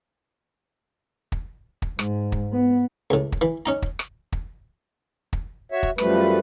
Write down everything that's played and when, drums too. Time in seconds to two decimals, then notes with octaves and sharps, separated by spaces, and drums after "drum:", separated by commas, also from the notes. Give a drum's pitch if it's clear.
1.32 drum: kick
1.82 drum: kick
1.99 G#2, drum: rim click
2.32 drum: kick
2.52 B3
3.10 C#2 A2
3.32 drum: kick
3.41 E3
3.66 C#4 D#4 A#5
3.82 drum: kick
3.99 drum: rim click
4.32 drum: kick
5.33 drum: kick
5.72 F#4 C#5 E5
5.83 drum: kick
5.98 F#2 F3 G3 A3 B4, drum: rim click